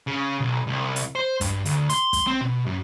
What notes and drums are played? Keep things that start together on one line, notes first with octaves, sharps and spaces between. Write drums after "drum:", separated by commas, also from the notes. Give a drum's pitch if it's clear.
C#3
B1
C2
drum: hi-hat
C5
G2, drum: kick, hi-hat
D2, drum: hi-hat
C6, drum: hi-hat
drum: kick, hi-hat
C4
B2
F#2